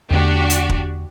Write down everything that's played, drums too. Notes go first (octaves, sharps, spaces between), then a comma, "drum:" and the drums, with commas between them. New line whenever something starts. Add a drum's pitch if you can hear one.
E2 D3 A3 D4 F#4 G4
drum: hi-hat
drum: kick